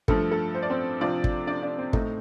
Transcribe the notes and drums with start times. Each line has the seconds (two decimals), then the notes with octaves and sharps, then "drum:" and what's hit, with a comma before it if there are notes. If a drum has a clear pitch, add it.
0.08 G2 F3 A3 A4, drum: kick
0.31 A4
0.55 C5
0.63 D5
0.70 C4 C5
1.00 C3 F3 C4 D4 F4 D5
1.24 drum: kick
1.47 D4 D5
1.63 D4 D5
1.78 C4 C5
1.93 A2 A3 D#4, drum: kick